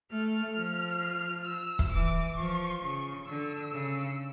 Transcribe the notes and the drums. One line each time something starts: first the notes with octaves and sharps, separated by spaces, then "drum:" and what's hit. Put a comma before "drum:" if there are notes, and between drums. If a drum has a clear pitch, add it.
A3 F6
F3
E6
drum: kick
E3 D6
F3 C#6
C#3 C#6
D3 E6
C#3